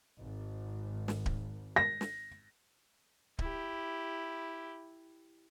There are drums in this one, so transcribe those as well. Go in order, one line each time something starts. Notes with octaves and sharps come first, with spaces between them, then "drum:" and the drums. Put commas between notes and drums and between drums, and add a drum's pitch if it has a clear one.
G#1
drum: snare
drum: kick D1
A#6
drum: snare
E4 G4, drum: kick D1